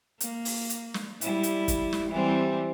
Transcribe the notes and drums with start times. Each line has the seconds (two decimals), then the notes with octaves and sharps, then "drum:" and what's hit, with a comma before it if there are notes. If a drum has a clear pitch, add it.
0.20 A#3, drum: hi-hat
0.45 drum: open hi-hat
0.70 drum: hi-hat
0.94 drum: snare
1.21 G3 E4, drum: hi-hat
1.43 drum: hi-hat
1.68 drum: kick, hi-hat
1.93 drum: snare
2.10 E3 G3 C4